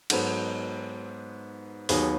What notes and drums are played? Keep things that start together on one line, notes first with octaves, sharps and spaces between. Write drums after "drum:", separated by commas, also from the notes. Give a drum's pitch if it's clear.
G#2 F#3 B3 A4, drum: cymbal
D#2 D#3 F#3 B3 G#4, drum: open hi-hat